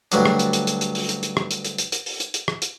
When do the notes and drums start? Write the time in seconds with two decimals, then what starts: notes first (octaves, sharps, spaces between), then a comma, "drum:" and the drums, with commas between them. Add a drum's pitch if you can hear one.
0.12 D2 G2 F#3 D4, drum: hi-hat
0.26 drum: rim click
0.39 drum: hi-hat
0.53 drum: hi-hat
0.67 drum: hi-hat
0.81 drum: hi-hat
0.95 drum: open hi-hat
1.09 drum: hi-hat
1.23 drum: hi-hat
1.37 drum: rim click
1.51 drum: hi-hat
1.65 drum: hi-hat
1.78 drum: hi-hat
1.92 drum: hi-hat
2.06 drum: open hi-hat
2.20 drum: hi-hat
2.34 drum: hi-hat
2.48 drum: rim click
2.62 drum: hi-hat